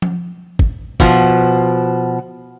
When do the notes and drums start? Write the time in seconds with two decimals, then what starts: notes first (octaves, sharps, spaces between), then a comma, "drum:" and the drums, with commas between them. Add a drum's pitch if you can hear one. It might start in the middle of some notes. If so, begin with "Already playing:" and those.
0.02 drum: tom F3
0.59 drum: kick
1.00 B2 F3, drum: kick